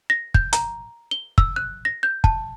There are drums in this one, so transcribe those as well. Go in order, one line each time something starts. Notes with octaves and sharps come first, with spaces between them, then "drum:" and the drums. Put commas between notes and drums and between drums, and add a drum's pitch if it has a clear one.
A#6
G6, drum: kick
A#5, drum: hi-hat
G7
E6, drum: kick
F#6
A#6
G6
A5, drum: kick